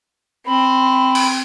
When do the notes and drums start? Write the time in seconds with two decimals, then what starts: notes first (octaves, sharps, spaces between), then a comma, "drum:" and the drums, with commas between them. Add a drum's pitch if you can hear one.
0.46 C4 B5
1.15 drum: cymbal